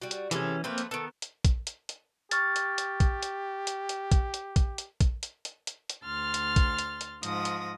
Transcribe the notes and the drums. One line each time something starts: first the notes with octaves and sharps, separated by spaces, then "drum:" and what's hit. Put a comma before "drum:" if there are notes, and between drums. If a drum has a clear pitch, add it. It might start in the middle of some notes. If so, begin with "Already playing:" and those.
G3 F#4
drum: hi-hat
C3 E3 C#4 G#4 A4, drum: hi-hat
F3 A3 A#3 C4 B4
drum: hi-hat
D#3 B3 A4
drum: hi-hat
drum: kick, hi-hat
drum: hi-hat
drum: hi-hat
G4 C#6 F6 A6, drum: hi-hat
drum: hi-hat
drum: hi-hat
drum: kick, hi-hat
drum: hi-hat
drum: hi-hat
drum: hi-hat
drum: kick, hi-hat
drum: hi-hat
drum: kick, hi-hat
drum: hi-hat
drum: kick, hi-hat
drum: hi-hat
drum: hi-hat
drum: hi-hat
drum: hi-hat
D2 C6 F6 A6
drum: hi-hat
drum: kick, hi-hat
drum: hi-hat
drum: hi-hat
G#2 F3 D#6 A#6, drum: hi-hat
drum: hi-hat